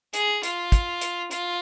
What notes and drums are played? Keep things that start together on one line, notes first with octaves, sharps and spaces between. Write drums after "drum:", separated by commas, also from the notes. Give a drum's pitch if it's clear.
G#4, drum: hi-hat
F4, drum: hi-hat
drum: kick, hi-hat
drum: hi-hat
F4, drum: hi-hat